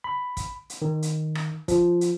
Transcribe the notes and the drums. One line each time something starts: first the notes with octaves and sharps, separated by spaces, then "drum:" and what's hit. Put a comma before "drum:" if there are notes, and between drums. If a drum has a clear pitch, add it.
B5
drum: kick, hi-hat
drum: hi-hat
D#3
drum: hi-hat
drum: rim click
F3, drum: kick, hi-hat
drum: hi-hat